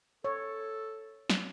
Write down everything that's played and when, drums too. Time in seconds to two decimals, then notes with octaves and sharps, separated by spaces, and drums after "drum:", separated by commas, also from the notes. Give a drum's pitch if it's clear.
0.24 A4 C#5
1.30 drum: snare